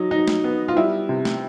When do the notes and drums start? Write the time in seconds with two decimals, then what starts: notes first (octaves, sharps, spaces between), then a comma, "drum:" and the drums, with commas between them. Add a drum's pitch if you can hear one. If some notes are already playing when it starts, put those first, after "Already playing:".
Already playing: F#3 D#4
0.11 D#4
0.27 drum: snare A3
0.44 B3
0.68 F4
0.76 G3 E4
1.09 C3
1.25 drum: snare A3